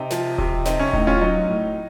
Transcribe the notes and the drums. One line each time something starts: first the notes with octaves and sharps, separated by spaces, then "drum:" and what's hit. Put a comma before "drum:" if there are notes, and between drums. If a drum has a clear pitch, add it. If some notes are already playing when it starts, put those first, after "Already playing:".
Already playing: C3 D#4
F3, drum: snare
C3, drum: kick D#1
C4 D#4, drum: snare
C#4
A2 D#4, drum: kick D#1
C#4 F4
F#3 D#4
A2